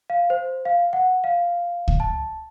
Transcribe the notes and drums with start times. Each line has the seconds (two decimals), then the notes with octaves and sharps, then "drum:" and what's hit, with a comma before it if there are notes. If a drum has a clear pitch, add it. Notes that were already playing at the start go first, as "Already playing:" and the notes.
0.10 F5
0.30 C5
0.65 F5
0.93 F#5
1.24 F5
1.88 drum: kick C#2
2.00 A5